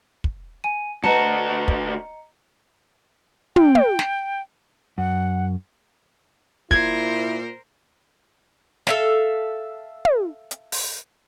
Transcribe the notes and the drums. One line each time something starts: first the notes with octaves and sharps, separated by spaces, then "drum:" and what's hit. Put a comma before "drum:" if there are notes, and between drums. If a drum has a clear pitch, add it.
drum: kick
G#5 D#7
D2 F#4 B4 D#5 A5 A#5 C#7
drum: kick
G5, drum: tom
drum: tom
drum: snare
F#2 F#5
A#2 E4 A#4 C5 G#6, drum: kick
A4 E5 F5, drum: snare
drum: tom
drum: hi-hat
drum: open hi-hat